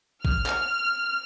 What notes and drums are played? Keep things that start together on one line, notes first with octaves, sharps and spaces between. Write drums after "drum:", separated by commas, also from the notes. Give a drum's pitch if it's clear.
F6, drum: kick A1
drum: clap